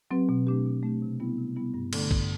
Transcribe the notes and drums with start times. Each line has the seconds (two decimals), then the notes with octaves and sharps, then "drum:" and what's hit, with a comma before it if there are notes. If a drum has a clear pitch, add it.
0.11 F#3 C4 G4 B4
0.29 B2
0.47 A3 D4 G4
0.66 B2
0.83 A3 D4 G4
1.02 C3
1.20 G3 B3 E4
1.39 C3
1.56 G3 B3 E4
1.74 G2
1.93 D3 A3 D4 A4, drum: cymbal
2.11 G2, drum: kick A#1